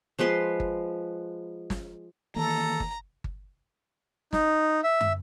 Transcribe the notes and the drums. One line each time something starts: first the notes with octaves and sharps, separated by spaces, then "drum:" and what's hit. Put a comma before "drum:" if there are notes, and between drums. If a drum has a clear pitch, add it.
F3 G#3 B4 C6
drum: kick G1
drum: snare
D#3 E3 A#3 A4 A#5
drum: kick G1
drum: kick G1
D#4, drum: snare
E5
drum: tom